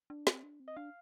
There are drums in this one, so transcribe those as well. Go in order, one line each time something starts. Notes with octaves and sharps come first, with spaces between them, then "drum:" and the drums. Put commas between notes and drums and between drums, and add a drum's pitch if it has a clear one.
D4
C4, drum: snare
D4
C4
D#5
D4 F5